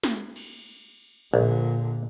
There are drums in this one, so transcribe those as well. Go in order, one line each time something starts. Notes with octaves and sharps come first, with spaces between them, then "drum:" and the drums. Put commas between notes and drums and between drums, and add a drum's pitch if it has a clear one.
drum: snare
drum: cymbal
A#1 A#2 D3